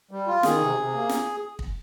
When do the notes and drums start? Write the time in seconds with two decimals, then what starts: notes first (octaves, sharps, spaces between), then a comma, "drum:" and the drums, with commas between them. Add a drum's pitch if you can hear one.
0.11 G3
0.27 F4
0.43 D#3 G#4, drum: snare
0.61 C3
0.77 C3
0.94 A#3
1.09 drum: snare
1.59 drum: kick